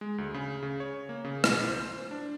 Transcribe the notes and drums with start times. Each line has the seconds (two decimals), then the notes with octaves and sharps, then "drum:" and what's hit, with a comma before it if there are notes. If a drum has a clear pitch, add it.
0.01 G#3
0.18 D2
0.34 C#3
0.63 C#3
0.80 C#5
1.09 A#3
1.25 C#3
1.44 B1, drum: rim click
1.68 C5
2.11 D4